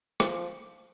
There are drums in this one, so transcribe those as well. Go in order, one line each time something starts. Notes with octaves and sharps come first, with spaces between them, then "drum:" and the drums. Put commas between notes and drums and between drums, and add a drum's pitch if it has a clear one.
F3, drum: rim click